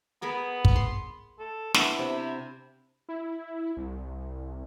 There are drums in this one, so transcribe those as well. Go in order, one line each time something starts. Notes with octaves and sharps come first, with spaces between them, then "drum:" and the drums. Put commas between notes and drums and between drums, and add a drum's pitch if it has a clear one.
B3 G#4 A#4 B5
drum: kick
C6
A4
B3 D4 E4, drum: snare
C3
E4
C2